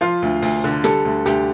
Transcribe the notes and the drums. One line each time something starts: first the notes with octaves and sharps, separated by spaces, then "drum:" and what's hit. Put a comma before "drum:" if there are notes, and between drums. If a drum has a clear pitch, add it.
F3 F4
D2
D2, drum: open hi-hat
D3
G3 A4, drum: snare
D2
D2 G4, drum: hi-hat